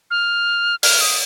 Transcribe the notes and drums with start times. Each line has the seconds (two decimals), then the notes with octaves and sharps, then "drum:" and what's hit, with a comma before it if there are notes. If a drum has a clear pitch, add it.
0.11 F6
0.83 F6, drum: open hi-hat
1.01 D#6